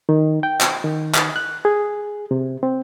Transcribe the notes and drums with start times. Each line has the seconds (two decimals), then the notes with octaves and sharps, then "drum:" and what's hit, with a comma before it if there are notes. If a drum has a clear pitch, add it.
0.09 D#3
0.43 G5
0.61 drum: clap
0.84 D#3
1.15 drum: clap
1.36 F#6
1.65 G#4
2.31 C3
2.63 C4